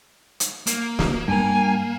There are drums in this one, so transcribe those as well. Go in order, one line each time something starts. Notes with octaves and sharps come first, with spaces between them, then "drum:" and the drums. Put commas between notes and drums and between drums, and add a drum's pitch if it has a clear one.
drum: hi-hat
A#3, drum: hi-hat
drum: snare
G2 A#4 G#5